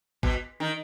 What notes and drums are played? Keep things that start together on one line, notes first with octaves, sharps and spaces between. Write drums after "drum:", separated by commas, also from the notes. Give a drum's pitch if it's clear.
B2, drum: kick G#1
D#3